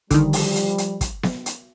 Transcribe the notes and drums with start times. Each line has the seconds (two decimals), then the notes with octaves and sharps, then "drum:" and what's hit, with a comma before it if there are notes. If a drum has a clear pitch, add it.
0.11 D3 D#3 F3 G3, drum: kick, hi-hat
0.33 drum: open hi-hat
0.56 drum: hi-hat
0.78 drum: hi-hat
1.01 drum: kick, hi-hat
1.23 drum: snare B3
1.46 drum: hi-hat